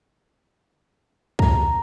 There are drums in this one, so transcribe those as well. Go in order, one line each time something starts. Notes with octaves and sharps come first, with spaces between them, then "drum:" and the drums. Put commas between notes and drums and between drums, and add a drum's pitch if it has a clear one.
A#5, drum: kick